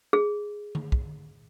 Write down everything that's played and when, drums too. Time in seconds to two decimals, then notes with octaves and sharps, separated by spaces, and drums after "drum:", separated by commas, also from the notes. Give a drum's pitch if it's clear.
0.13 G#4
0.75 drum: tom D3
0.92 drum: kick